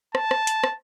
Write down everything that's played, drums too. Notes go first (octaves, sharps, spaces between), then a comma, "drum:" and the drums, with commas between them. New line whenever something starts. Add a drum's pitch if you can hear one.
A5, drum: rim click
drum: rim click
drum: hi-hat
drum: rim click